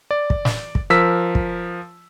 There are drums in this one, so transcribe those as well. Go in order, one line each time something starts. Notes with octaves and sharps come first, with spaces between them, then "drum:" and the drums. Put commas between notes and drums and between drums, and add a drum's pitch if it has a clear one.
D5
drum: kick
drum: snare
drum: kick
F3 A#4 E6 B6
drum: kick